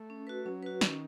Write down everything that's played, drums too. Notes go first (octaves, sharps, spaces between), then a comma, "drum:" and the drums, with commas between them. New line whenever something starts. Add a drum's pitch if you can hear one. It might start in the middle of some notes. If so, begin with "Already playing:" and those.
Already playing: A3
C#4
F#4 B4
F#3 C#4
F#4 B4
D#3 C#4, drum: snare